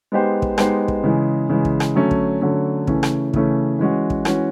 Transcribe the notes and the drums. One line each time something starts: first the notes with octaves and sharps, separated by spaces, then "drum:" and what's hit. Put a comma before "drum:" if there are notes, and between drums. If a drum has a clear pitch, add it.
G#3 B3 D#4 G4 C5
drum: kick
G#3 B3 D#4 G4 C5, drum: rim click
drum: kick
C#3 E3 G#3
C#3 E3 G#3
drum: kick
drum: rim click
D3 F#3 A3 C#4
drum: kick
D3 F#3 A3 C#4
C#3 E3 A3 C#4, drum: kick
drum: rim click
C#3 E3 A3 C#4, drum: kick
E3 G#3 C#4 F#4
drum: kick
E3 G#3 C#4 F#4, drum: rim click